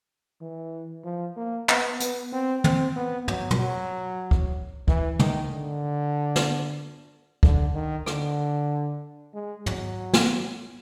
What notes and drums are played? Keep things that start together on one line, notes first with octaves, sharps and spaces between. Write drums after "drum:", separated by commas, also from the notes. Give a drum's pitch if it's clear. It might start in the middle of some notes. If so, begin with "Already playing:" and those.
E3
F3
A#3
B3, drum: clap
B3, drum: hi-hat
C4
C4, drum: tom
B3
F#3, drum: tom
drum: tom
F#3
drum: kick
E3, drum: kick
D#3, drum: tom
D3
drum: snare
D3, drum: kick
D#3
D3, drum: rim click
G#3
F#3, drum: tom
drum: snare